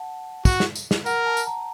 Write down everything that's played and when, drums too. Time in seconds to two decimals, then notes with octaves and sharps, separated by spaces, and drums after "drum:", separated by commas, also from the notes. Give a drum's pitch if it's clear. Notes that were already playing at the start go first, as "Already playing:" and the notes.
Already playing: F#5 A5
0.45 F#4, drum: kick, tambourine
0.60 drum: snare
0.75 drum: tambourine
0.91 drum: snare
1.06 A#4 F#5, drum: tambourine
1.26 A5
1.37 drum: tambourine
1.47 A#5